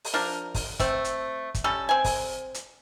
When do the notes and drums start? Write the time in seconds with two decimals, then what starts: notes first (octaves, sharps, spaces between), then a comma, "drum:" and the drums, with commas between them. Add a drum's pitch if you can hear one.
0.05 drum: open hi-hat
0.14 F3 D4 A#4
0.55 drum: kick, open hi-hat
0.80 A3 C4, drum: kick, hi-hat
1.05 drum: hi-hat
1.54 drum: kick, hi-hat
1.64 G3 C#4 A4
1.89 C4 G#5
2.04 drum: kick, open hi-hat
2.54 drum: hi-hat